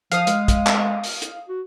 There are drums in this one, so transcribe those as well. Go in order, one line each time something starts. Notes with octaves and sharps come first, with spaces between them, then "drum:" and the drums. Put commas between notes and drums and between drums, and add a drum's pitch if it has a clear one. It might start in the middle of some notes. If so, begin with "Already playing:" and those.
F3 F5 D#6, drum: hi-hat
G#3, drum: hi-hat
drum: kick, hi-hat
drum: clap
drum: open hi-hat
drum: hi-hat
F#4